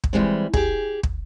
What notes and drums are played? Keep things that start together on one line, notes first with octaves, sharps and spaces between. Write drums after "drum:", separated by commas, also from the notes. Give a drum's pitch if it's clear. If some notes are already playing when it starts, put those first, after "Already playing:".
drum: kick
E3 G3 G#3 C4
G4 G#4, drum: kick
drum: kick